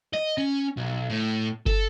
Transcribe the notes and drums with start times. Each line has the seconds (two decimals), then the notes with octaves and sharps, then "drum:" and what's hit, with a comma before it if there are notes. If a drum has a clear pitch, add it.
0.14 D#5
0.38 C#4
0.77 B1
1.10 A2
1.66 A4, drum: kick